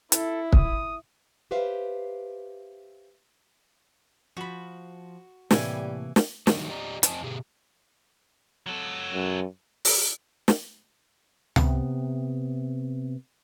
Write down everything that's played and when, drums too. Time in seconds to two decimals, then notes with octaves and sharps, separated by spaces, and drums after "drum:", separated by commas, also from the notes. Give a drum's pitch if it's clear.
0.12 E4 A4, drum: hi-hat
0.53 D#6, drum: kick
1.51 G4 B4 C5 E5 F5
4.37 F3 F#4 B5
5.51 A2 C3 E3 G3 A#3 G#5, drum: snare
6.16 drum: snare
6.47 D3 D#3 F#3 G3 A3 D#4, drum: snare
6.69 G4 D5 D#5 A#5
7.03 F2 C4 D#5 G#5 A5, drum: hi-hat
7.24 B2 G4 G#4
8.66 F#3 A4
9.13 F#2
9.85 drum: open hi-hat
10.48 drum: snare
11.56 C3 B3, drum: tom